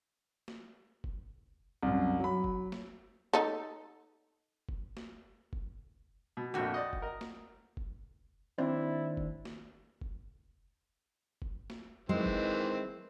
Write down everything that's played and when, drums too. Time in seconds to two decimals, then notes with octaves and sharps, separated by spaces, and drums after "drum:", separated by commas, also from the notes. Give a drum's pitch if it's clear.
0.48 drum: snare
1.04 drum: kick F1
1.83 C2 F#2
2.20 F#3 B5
2.44 drum: kick F1
2.72 drum: snare
3.33 D#4 A4
4.69 drum: kick F1
4.97 drum: snare
5.53 drum: kick F1
6.37 B2
6.54 A#1 F2 D3 F#4 G5
6.74 D5 D#5
6.93 drum: kick F1
7.02 A#4 D#5
7.21 drum: snare
7.77 drum: kick F1
8.58 D#2 C4 D4 E4
9.17 drum: kick F1
9.45 drum: snare
10.01 drum: kick F1
11.42 drum: kick F1
11.70 drum: snare
12.09 D#3 E3 G#3 C4
12.26 drum: kick F1